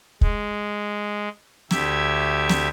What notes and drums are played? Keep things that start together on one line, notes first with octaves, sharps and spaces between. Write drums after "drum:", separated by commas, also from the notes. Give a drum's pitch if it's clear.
G#3, drum: kick
D2 G4 E5 G#6, drum: snare
drum: snare